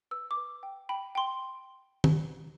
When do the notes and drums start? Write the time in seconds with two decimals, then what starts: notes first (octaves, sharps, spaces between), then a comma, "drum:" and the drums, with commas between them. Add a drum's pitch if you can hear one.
0.11 B4 E6
0.31 D6
0.37 B4
0.63 G5
0.89 G5 B5
1.15 G5 C6
2.04 drum: tom D#3